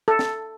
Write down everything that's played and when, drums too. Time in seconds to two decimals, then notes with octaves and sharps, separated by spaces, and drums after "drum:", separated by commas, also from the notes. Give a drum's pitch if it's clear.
0.08 A4
0.19 drum: snare